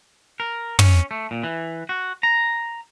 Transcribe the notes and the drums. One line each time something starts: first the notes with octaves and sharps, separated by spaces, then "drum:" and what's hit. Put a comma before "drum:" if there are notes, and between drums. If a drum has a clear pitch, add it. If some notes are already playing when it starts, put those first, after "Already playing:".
A#4
C#4, drum: tom
A3
A#2
E3
F#4
A#5